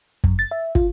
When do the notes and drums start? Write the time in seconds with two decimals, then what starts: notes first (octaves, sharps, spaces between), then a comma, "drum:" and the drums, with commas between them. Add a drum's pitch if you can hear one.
0.24 F#2, drum: kick
0.39 A6
0.51 E5
0.75 F4, drum: kick